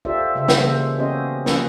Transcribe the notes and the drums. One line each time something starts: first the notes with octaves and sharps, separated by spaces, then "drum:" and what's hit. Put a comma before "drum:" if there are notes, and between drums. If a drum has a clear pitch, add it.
F4 G4 A4 C5 D5 E5
C#3 G#3 A4 C5 E5
drum: snare
C#3 E3 G3 G#3 A#3 C5
B3 C#4 F#4 G4 C5 D#5
F3 A#3 C#4 B4, drum: snare